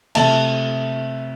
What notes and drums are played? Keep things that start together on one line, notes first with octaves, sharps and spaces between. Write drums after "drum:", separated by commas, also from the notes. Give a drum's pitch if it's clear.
C3 A3 E5 A5, drum: cymbal